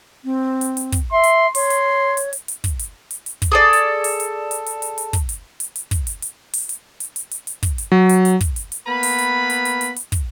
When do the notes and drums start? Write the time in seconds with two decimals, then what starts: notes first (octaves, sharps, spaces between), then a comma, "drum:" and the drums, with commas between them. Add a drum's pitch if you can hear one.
0.24 C4
0.61 drum: hi-hat
0.77 drum: hi-hat
0.92 drum: kick, hi-hat
1.12 E5 C6
1.23 drum: hi-hat
1.55 C#5 C6, drum: open hi-hat
1.70 drum: hi-hat
2.17 drum: hi-hat
2.33 drum: hi-hat
2.48 drum: hi-hat
2.64 drum: kick, hi-hat
2.79 drum: hi-hat
3.11 drum: hi-hat
3.26 drum: hi-hat
3.42 drum: kick, hi-hat
3.52 G#4 A4 D5
3.73 drum: hi-hat
4.04 drum: open hi-hat
4.20 drum: hi-hat
4.51 drum: hi-hat
4.66 drum: hi-hat
4.82 drum: hi-hat
4.98 drum: hi-hat
5.13 drum: kick, hi-hat
5.29 drum: hi-hat
5.60 drum: hi-hat
5.76 drum: hi-hat
5.91 drum: kick, hi-hat
6.07 drum: hi-hat
6.22 drum: hi-hat
6.53 drum: open hi-hat
6.69 drum: hi-hat
7.00 drum: hi-hat
7.16 drum: hi-hat
7.31 drum: hi-hat
7.47 drum: hi-hat
7.63 drum: kick, hi-hat
7.78 drum: hi-hat
7.92 F#3
8.09 drum: hi-hat
8.25 drum: hi-hat
8.41 drum: kick, hi-hat
8.56 drum: hi-hat
8.72 drum: hi-hat
8.86 A#3 B3 B4 B5
9.03 drum: open hi-hat
9.18 drum: hi-hat
9.50 drum: hi-hat
9.65 drum: hi-hat
9.81 drum: hi-hat
9.96 drum: hi-hat
10.12 drum: kick, hi-hat